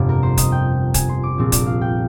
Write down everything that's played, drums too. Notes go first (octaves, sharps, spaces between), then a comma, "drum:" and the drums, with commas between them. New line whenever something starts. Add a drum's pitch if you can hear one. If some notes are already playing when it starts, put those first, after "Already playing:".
Already playing: G1 F2 C3 G3 D5 F5
A#4
C5
D#5, drum: kick, hi-hat
G5
G#5, drum: kick, hi-hat
C6
D6
A#1 A#2 F3 C4
D5, drum: kick, hi-hat
F5
G5